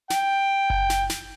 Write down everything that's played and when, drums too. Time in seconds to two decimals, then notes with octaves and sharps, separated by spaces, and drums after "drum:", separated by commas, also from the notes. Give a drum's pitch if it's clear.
0.10 G5, drum: snare
0.70 drum: kick F#1
0.90 drum: snare
1.10 drum: snare